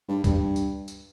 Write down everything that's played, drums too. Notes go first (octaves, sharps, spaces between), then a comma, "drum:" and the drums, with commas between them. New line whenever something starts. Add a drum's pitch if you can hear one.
G2
G2, drum: kick C#2, tambourine
drum: tambourine
drum: tambourine